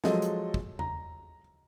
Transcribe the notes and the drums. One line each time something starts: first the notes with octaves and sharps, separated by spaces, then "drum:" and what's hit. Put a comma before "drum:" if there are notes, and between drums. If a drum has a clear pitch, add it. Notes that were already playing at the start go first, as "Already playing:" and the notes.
F3 F#3 G#3 A4 D#5, drum: snare
drum: hi-hat
drum: kick
A#5, drum: tom E2